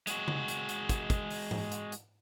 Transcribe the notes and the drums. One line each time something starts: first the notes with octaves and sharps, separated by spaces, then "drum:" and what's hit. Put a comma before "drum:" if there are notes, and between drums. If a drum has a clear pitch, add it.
G#3 F#4, drum: hi-hat
drum: tom C#3
drum: hi-hat
drum: hi-hat
drum: kick, hi-hat
drum: kick, hi-hat
drum: open hi-hat
drum: tom G#2
drum: hi-hat
drum: hi-hat